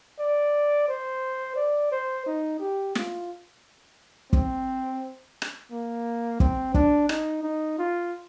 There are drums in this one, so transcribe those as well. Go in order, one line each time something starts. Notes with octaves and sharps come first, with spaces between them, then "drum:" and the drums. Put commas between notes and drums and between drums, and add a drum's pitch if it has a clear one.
D5
C5
D5
C5
D#4
G4
F4, drum: snare
C4, drum: kick
drum: rim click
A#3
C4, drum: kick
D4, drum: kick
D#4, drum: rim click
D#4
F4